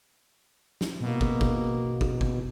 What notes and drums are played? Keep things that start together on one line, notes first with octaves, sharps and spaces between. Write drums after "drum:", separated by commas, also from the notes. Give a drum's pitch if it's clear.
drum: snare
B2 A#3
drum: kick
drum: kick
drum: kick
drum: kick